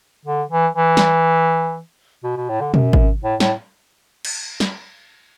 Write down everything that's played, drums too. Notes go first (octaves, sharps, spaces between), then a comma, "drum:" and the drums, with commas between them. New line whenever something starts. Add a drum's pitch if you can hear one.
D3
E3
E3
drum: snare
B2
B2
A2
D3
F#2, drum: tom B2
drum: kick G#1
A2
A2, drum: snare
drum: cymbal
drum: snare